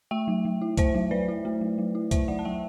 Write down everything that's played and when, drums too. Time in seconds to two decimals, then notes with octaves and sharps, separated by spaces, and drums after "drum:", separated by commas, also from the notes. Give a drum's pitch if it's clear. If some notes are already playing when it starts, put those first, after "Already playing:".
0.11 A3 E5 G5
0.28 F#3
0.45 F#3
0.61 E4
0.77 A3 C5 E5, drum: kick C2, hi-hat
0.94 F#3
1.11 F#3 B4 D5
1.28 E4
1.45 A3
1.61 F#3
1.78 F#3
1.95 E4
2.11 A3 C5 E5, drum: kick C2, hi-hat
2.28 F#3 D5 F#5
2.39 A5
2.45 F#3 E5 G5